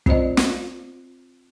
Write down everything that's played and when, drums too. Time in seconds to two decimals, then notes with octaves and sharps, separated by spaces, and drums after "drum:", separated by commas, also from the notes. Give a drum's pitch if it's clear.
0.06 C4 F4 C5 D5 D#5, drum: kick
0.37 drum: snare